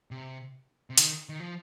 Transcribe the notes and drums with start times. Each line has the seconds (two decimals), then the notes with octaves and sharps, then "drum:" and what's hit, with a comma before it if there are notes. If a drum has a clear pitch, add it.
0.11 C3
0.90 C3
0.98 D#3, drum: hi-hat
1.29 D#3
1.40 F3